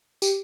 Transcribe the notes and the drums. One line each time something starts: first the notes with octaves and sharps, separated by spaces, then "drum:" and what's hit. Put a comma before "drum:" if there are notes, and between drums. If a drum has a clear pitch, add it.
G4, drum: tambourine